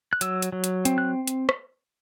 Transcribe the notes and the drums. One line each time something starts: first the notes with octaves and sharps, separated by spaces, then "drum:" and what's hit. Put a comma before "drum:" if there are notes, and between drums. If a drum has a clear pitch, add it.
F#6
F#3 E6, drum: hi-hat
drum: hi-hat
F#3
drum: hi-hat
C4, drum: hi-hat
F#6
drum: hi-hat
drum: rim click